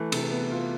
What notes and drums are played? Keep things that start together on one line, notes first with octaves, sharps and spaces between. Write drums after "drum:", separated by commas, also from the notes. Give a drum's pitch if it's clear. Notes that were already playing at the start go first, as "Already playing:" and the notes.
Already playing: E3 A3
C3, drum: cymbal
B3
F4